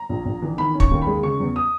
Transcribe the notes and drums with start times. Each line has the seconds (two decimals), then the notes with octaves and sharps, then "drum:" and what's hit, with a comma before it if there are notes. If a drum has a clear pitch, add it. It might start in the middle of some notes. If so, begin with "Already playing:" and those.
Already playing: A#5
0.09 A#1
0.25 A#1
0.42 E3
0.58 D#3 B5
0.74 C#4
0.80 C#6, drum: kick
0.91 D#2
1.02 B5
1.07 G#3
1.23 C#3 C#6
1.40 E2
1.56 D#6